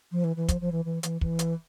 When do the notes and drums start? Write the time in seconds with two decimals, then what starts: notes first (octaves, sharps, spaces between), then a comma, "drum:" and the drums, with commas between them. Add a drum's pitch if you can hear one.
0.12 F3
0.24 E3
0.36 E3
0.48 F3, drum: kick, hi-hat
0.61 F3
0.72 E3
0.85 E3
1.03 E3, drum: hi-hat
1.21 E3, drum: kick
1.39 drum: hi-hat